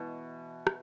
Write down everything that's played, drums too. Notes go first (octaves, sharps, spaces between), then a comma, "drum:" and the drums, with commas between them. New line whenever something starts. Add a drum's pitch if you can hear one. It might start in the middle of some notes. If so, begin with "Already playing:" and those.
Already playing: B2 E3
drum: rim click